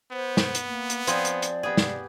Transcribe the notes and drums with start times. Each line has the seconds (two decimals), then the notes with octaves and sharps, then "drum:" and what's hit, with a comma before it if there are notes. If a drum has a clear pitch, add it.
0.12 B3 C5
0.37 drum: snare
0.55 drum: hi-hat
0.65 A#3
0.90 drum: hi-hat
1.07 F3 C4 G#4 D5, drum: hi-hat
1.25 drum: hi-hat
1.42 drum: hi-hat
1.63 B3 G4 G#4
1.77 drum: snare